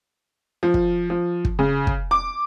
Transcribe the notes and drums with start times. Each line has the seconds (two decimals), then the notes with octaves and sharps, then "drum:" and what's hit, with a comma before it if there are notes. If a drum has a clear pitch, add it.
0.63 F3
0.74 drum: kick
1.10 F3
1.45 drum: kick
1.59 C#3
1.87 drum: kick
2.11 D6